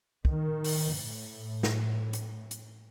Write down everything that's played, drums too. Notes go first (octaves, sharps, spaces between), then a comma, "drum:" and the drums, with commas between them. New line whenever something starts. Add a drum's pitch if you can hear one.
D#3, drum: kick
drum: open hi-hat
A2
drum: snare
drum: hi-hat
drum: hi-hat